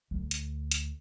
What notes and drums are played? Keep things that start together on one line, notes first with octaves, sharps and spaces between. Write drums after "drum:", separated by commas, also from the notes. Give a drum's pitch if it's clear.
D2
drum: hi-hat
drum: hi-hat